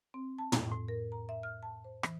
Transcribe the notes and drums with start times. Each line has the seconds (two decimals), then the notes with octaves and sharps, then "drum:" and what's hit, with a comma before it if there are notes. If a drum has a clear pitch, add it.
0.14 C4
0.38 A5
0.52 F2, drum: tom
0.72 A2
0.88 A#4
1.12 A#5
1.29 E5
1.43 F6
1.63 A5
1.85 C5
2.03 E3, drum: rim click